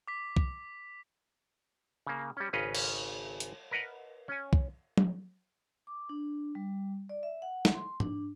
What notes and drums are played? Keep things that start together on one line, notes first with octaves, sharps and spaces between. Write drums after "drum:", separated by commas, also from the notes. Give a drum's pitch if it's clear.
D6 B6
drum: kick
C#3 A#3
G3 C#4
G#1 C#3 C#4 B4 D#5 F5
drum: cymbal
drum: hi-hat
A#4 B4 D#5 F#5 A#5
C#4 G#5
drum: kick
drum: tom F#3
D6
D4
G3
D5
E5
F#5
drum: snare
C6
D4, drum: tom G#2